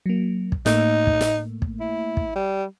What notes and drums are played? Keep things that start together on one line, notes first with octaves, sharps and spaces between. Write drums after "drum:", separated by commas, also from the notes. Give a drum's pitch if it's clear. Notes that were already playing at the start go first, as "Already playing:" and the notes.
F#3 A#3
drum: kick
A2 A3 A#3 D#4, drum: snare
drum: kick
drum: snare
drum: kick
E4
drum: kick
G3